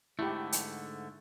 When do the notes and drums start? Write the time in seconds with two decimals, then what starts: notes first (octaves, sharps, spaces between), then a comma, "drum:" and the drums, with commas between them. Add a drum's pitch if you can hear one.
0.19 G#2 D3 A3 E4 G4
0.52 drum: hi-hat